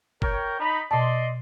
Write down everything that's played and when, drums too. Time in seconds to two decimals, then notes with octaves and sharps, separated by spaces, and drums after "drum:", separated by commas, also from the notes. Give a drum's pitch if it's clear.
0.22 A#4 C#5 G5, drum: kick
0.60 D#4 B5
0.91 B2 D5 D#5 A5 C6